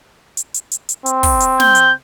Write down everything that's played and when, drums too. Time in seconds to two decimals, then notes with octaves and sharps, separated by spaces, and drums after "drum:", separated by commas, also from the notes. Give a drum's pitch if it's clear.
0.37 drum: hi-hat
0.54 drum: hi-hat
0.71 drum: hi-hat
0.89 drum: hi-hat
1.06 C4, drum: hi-hat
1.23 drum: kick, open hi-hat
1.40 drum: hi-hat
1.60 G6, drum: snare
1.75 drum: hi-hat